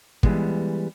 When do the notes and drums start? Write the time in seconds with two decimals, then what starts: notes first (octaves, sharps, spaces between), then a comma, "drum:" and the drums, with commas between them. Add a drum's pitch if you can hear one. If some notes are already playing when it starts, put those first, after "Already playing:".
0.23 E3 G3 G#3 B3, drum: kick